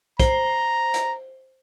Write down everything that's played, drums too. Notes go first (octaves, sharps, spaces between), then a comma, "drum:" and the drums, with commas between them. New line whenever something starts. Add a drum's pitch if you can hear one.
C5 A#5, drum: kick, hi-hat
drum: hi-hat